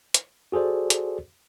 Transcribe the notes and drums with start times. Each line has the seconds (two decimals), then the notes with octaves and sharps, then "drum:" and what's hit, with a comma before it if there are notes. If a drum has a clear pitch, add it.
0.14 drum: hi-hat
0.52 F#4 G#4 A4 C5 D5
0.90 drum: hi-hat